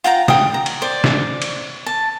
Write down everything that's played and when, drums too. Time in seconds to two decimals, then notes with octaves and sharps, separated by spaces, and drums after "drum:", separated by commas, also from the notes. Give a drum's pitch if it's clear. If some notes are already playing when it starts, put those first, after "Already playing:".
0.04 F4 F#5 G5 A#5
0.28 G5 D#6, drum: snare
0.54 A#5
0.66 drum: cymbal
0.82 C5 D5
1.04 drum: snare
1.42 drum: cymbal
1.86 A5